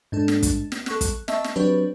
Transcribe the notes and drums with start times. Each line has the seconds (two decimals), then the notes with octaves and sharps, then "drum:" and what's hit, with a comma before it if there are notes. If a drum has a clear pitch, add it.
0.12 G#2 D4 A4
0.28 drum: snare
0.43 drum: kick, hi-hat
0.72 drum: snare
0.86 A4 C#6 F#6, drum: snare
1.01 drum: kick, hi-hat
1.28 D#5 E5 A5 C#6 E6, drum: snare
1.44 drum: snare
1.56 F#3 C4 D4 G4 B4 C#5